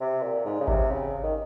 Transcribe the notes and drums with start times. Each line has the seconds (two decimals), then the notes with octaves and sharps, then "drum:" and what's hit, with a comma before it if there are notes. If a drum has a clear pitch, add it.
0.01 C3
0.22 A#2
0.45 G#2
0.60 C#3
0.68 C3, drum: kick G#1
0.91 C#3
1.23 D#3